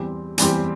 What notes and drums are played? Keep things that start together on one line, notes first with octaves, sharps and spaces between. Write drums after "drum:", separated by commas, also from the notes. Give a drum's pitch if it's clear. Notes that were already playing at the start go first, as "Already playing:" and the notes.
Already playing: E2 E3 G3 C4 G4
E2 E3 G3 C4 G4, drum: hi-hat